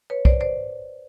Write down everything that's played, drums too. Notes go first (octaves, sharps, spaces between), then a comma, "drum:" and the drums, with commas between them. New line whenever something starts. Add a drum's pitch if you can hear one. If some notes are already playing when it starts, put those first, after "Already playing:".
B4 C#5
C5 D5, drum: kick B1
C5 D5